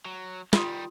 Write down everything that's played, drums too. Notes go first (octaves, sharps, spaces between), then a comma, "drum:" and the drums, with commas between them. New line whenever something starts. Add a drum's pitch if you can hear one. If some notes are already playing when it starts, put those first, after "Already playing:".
F#3
D#3 G3 F4 C6 D#6, drum: snare